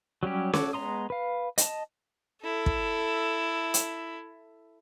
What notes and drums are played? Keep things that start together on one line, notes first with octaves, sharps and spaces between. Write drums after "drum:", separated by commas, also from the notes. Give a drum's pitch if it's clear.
F#3 G3 C#4 G4
F#4 A4 C#5 D6, drum: snare C#4
G#3 B3 A#5 C6 D#6
B4 F5
D#5 A5, drum: hi-hat
E4 A4
drum: kick
drum: hi-hat